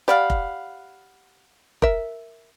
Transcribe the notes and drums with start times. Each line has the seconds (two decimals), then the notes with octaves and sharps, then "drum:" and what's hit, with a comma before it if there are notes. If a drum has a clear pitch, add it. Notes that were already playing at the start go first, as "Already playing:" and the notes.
0.08 G4 D5 F5 F#5 B5
0.30 drum: kick F1
1.82 A#4 E5, drum: kick F1